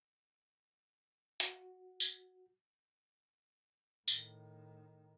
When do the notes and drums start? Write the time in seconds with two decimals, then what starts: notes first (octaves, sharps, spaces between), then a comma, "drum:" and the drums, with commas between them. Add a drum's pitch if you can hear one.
1.40 F#4, drum: hi-hat
2.00 drum: tambourine
4.08 A2 D#3, drum: tambourine